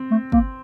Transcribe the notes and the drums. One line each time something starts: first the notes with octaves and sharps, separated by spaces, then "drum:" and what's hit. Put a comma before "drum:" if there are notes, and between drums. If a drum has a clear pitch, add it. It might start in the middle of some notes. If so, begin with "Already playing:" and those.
Already playing: C4
A3
A#3, drum: kick